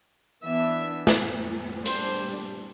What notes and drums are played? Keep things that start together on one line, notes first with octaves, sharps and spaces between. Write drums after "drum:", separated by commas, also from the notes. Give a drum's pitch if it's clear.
E3 B3 D4 E5
drum: snare
G3 D4 C5, drum: hi-hat